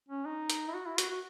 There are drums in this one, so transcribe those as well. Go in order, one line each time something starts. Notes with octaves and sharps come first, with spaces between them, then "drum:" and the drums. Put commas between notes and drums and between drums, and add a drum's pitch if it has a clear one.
C#4
D#4
drum: hi-hat
E4
F#4
E4
F#4, drum: hi-hat
F#4